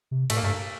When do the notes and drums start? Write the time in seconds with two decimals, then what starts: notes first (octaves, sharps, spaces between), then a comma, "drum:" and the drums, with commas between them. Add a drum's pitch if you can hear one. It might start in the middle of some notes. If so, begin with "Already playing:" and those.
0.11 C3
0.30 A2 A3, drum: cymbal
0.37 A#3
0.43 G2 A3